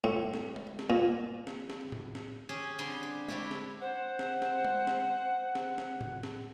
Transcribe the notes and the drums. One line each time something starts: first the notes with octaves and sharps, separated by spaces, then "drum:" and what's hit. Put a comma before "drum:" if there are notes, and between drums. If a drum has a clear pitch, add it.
A2
drum: snare
drum: tom G#3
drum: snare
A#2
drum: snare
drum: snare
drum: tom A2
drum: snare
C#4 G4 G#4
D3 G3 C4 G4 G#4 C6
G4
C4 D4 E4 G4 C#5, drum: tom G#3
drum: snare
C5 F#5
drum: snare
drum: snare
drum: tom G#3
drum: snare
drum: snare
drum: snare
drum: tom A2
drum: snare